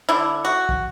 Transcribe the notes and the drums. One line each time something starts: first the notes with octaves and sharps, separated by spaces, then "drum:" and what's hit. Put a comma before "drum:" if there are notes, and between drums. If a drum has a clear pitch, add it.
D3 E4
F#4
drum: kick